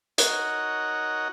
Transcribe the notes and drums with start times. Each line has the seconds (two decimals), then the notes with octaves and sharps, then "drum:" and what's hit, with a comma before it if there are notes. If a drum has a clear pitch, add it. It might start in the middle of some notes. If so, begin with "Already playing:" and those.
0.18 D#4 F#4 A#4 C#5 D#5 F#5, drum: hi-hat